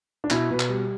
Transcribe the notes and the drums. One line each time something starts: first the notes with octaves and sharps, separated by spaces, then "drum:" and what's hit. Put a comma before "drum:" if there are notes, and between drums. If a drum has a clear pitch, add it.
D4
B2 E4, drum: clap
B2 B4
drum: clap
G3